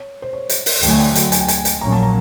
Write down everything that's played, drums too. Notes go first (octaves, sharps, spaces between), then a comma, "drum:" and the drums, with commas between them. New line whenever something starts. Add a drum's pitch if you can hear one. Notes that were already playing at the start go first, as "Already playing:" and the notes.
Already playing: C#5
C5
C#5
drum: hi-hat
drum: open hi-hat
D2 D3 F#3 A3 G5, drum: hi-hat
G#5
G5
drum: hi-hat
G#5, drum: hi-hat
G5
G#5, drum: hi-hat
drum: hi-hat
A#1 A#2 F#3 A#3 C#4 A#5
A5
A#5